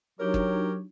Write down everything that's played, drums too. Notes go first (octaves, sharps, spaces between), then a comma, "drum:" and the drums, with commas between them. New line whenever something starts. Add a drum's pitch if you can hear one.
F#3 D4 D#4 F#4 G4 A#4 C#5
drum: kick